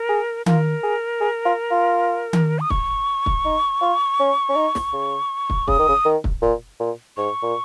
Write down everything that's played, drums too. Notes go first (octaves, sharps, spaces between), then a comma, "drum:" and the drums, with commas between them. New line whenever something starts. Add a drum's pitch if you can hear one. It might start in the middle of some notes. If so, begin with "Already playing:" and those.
Already playing: A#4
G#4
F4 A#4, drum: tom D#3
G#4
G#4
F4
F4
drum: tom D#3
D#6
C#6, drum: kick
drum: kick
D#4
F4
C#4
C#4
D#4
drum: snare
C#3
drum: kick
C#3 D#6, drum: kick
D#3
C#3
D#3
drum: kick
A#2
A#2
G#2 C#6
A#2